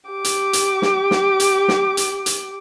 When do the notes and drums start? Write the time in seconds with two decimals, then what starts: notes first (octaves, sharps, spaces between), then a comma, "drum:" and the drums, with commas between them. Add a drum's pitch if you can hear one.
0.10 G4 D6
0.24 drum: hi-hat
0.53 drum: hi-hat
0.82 drum: snare
1.11 drum: snare
1.40 drum: hi-hat
1.68 drum: snare
1.97 drum: hi-hat
2.26 drum: hi-hat